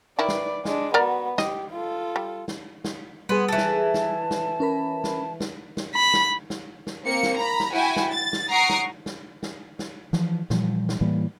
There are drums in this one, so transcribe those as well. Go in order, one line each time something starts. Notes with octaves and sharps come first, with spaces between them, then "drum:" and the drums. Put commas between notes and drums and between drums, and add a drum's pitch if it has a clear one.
D#3 E4 B4 D5
drum: snare
G#3 D4, drum: snare
B3 F#4 A#4 D5 A#5
G4 D#5, drum: snare
F4 A4
G3
drum: snare
drum: snare
G3 B3 G#4 C6
E3 A4 A5
drum: snare
drum: snare
drum: snare
C#4 A#4 B5
drum: snare
drum: snare
drum: snare
B5
drum: snare
drum: snare
drum: snare
A#3 C4 C#7
drum: snare
A#5 B5
drum: snare
E4 F#4 G5 G#5
drum: snare
A6
drum: snare
F#5 A#5 C#6 D#6 C7 D7
drum: snare
drum: snare
drum: snare
drum: snare
E3 F3, drum: snare
A#2 E3 F3 G3, drum: snare
drum: snare
A2 E3 G3 A#3